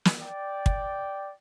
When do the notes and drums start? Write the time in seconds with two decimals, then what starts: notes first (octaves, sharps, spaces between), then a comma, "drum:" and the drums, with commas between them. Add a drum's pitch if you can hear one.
0.05 drum: snare
0.21 D5 G5
0.66 drum: kick